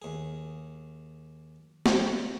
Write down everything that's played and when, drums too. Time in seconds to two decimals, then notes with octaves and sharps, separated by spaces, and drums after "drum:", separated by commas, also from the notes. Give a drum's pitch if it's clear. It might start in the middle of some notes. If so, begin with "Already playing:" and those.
0.02 D#2 G#4
1.86 drum: snare